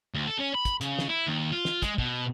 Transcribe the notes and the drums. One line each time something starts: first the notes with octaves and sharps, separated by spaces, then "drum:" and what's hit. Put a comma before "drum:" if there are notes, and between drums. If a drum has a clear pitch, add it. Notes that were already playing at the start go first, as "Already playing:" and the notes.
D2
A4
C#4
B5
drum: kick, hi-hat
C#3, drum: hi-hat
drum: snare
E4
D#2
F4
drum: snare
G#3, drum: kick, hi-hat
B2, drum: kick